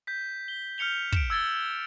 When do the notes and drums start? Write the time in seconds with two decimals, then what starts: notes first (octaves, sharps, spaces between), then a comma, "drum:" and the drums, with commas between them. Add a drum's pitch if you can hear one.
0.07 G6 B6
0.48 G7
0.78 F6 G6 C#7 F7 G7
1.12 D7 E7, drum: kick
1.30 E6 G#6 A6 G7
1.55 G7